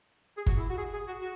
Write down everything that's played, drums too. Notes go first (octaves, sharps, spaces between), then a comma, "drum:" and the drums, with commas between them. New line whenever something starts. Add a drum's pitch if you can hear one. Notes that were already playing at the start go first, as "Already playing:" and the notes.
G#4
F#4, drum: kick G1
E4
F#4
G#4
G#4
F#4
F#4